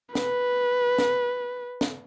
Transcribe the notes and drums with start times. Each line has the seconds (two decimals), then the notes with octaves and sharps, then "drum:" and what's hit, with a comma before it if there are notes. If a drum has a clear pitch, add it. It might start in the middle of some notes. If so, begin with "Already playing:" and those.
0.15 B4, drum: snare
0.98 drum: snare
1.81 drum: snare